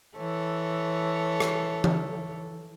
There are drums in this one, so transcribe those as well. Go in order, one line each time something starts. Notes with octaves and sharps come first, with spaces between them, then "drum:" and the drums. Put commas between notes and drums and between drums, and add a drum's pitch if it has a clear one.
E3 A4 C#5
drum: rim click
drum: tom E3